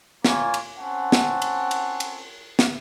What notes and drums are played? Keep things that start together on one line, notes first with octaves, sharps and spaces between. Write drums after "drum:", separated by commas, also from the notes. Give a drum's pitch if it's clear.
A#3 F4 C#5 G#5, drum: snare
drum: cymbal
C4 C#4 F#5 A5
drum: snare
drum: cymbal
drum: cymbal
drum: cymbal
drum: snare